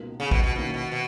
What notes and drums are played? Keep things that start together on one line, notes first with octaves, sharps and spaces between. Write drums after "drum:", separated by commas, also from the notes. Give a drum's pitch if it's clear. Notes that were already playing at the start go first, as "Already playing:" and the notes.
Already playing: C#2 B2 A#3 D#4 A#4
C#3
B2, drum: kick A1
B2
B2 D#3 A#3 C#4 E4
B2
B2